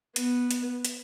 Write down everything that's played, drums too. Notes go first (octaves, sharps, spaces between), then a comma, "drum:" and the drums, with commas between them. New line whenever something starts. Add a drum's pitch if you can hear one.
B3, drum: hi-hat
drum: hi-hat
drum: hi-hat